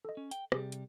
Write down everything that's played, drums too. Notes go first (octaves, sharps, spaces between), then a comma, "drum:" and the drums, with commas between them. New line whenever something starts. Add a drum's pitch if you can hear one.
A4 D#5
C#4
G5, drum: hi-hat
C3 G3 G4 G#4, drum: rim click
drum: hi-hat